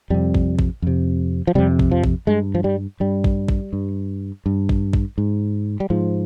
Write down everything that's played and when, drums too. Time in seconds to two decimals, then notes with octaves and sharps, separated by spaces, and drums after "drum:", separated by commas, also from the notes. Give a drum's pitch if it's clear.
0.10 F2 C3 G3
0.34 drum: kick A1
0.59 drum: kick A1
0.82 F2 C3
1.47 F3
1.55 F2 C3 G3
1.79 drum: kick A1
1.91 F3
2.04 drum: kick A1
2.27 G2 G#3
2.55 F3
2.64 G3
3.00 G2 G3
3.24 drum: kick A1
3.48 drum: kick A1
3.73 G2
4.46 G2
4.69 drum: kick A1
4.93 drum: kick A1
5.18 G#2
5.80 G3
5.90 G#2 F3